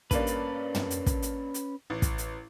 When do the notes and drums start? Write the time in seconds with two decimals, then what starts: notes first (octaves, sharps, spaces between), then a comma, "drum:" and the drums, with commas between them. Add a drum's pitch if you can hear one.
0.11 G2 A#3 C#4 B4 D5, drum: kick, hi-hat
0.27 drum: hi-hat
0.75 drum: tom
0.90 drum: hi-hat
1.06 drum: kick, hi-hat
1.22 drum: hi-hat
1.54 drum: hi-hat
1.90 A1
2.02 drum: kick, hi-hat
2.18 drum: hi-hat